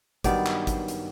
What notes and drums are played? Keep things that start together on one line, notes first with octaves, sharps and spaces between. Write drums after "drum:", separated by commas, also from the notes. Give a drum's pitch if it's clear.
G2 D#3 F#3 B3 D5, drum: kick G#1, hi-hat
drum: clap
drum: kick G#1, hi-hat
drum: hi-hat